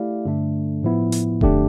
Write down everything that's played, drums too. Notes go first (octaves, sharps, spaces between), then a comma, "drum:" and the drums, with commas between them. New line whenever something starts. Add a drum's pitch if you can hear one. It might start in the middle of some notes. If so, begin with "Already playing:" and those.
Already playing: A3 E4 G4 D5 F5
G2 D3 A3 D4
A2 F3 B3 E4
drum: hi-hat
F2 D3 A3 D4 G4, drum: kick D#1